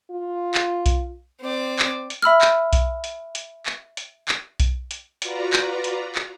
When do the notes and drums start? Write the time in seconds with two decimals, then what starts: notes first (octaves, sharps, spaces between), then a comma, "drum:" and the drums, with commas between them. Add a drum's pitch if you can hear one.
0.11 F4
0.55 drum: clap
0.86 drum: kick B1, hi-hat
1.41 C4 D5
1.79 drum: clap
2.10 drum: hi-hat
2.22 E5 B5 E6 F6
2.41 drum: clap
2.73 drum: kick B1, hi-hat
3.04 drum: hi-hat
3.35 drum: hi-hat
3.66 drum: clap
3.97 drum: hi-hat
4.28 drum: clap
4.60 drum: kick B1, hi-hat
4.91 drum: hi-hat
5.22 F4 F#4 B4 D5 A#5, drum: hi-hat
5.53 drum: clap
5.84 drum: hi-hat
6.15 drum: clap